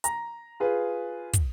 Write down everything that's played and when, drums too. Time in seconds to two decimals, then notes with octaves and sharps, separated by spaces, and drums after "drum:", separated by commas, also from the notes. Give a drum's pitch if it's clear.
0.04 A#5, drum: hi-hat
0.60 F4 G#4 B4
1.34 drum: kick, hi-hat